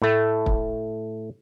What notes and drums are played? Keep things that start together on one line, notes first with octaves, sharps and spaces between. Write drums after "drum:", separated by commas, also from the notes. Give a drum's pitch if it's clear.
A2 A3
drum: kick